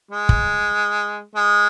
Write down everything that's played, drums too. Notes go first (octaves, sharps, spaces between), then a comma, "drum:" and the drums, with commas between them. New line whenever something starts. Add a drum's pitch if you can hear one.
G#3
drum: kick
G#3